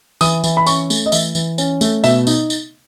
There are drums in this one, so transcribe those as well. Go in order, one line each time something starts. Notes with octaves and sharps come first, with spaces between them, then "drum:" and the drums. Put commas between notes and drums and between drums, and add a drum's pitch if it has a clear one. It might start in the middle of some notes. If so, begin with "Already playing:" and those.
E3 D#6, drum: tambourine
E3, drum: tambourine
B5
C#4 C#6, drum: tambourine
A3, drum: tambourine
D#5
E3 E5, drum: tambourine
E3, drum: tambourine
C#4, drum: tambourine
A3, drum: tambourine
B2 E5, drum: tambourine
D#4, drum: tambourine
drum: tambourine